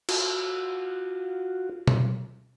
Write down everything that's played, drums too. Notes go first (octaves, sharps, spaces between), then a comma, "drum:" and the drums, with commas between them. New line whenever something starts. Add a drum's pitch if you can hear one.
F4 F#4, drum: cymbal
drum: tom B2